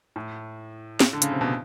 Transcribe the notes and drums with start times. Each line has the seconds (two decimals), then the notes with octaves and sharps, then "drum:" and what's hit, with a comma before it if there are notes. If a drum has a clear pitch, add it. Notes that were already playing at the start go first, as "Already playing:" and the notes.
0.16 A2
1.00 drum: snare
1.13 D3
1.22 C#3, drum: hi-hat
1.32 C3
1.41 B2